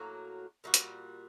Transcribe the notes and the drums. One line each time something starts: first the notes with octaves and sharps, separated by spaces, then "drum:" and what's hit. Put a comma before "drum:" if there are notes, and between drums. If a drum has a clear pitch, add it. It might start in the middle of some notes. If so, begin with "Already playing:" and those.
Already playing: A2 F#3 A#3 F#4
A#2 G3 A#3 F#4
drum: hi-hat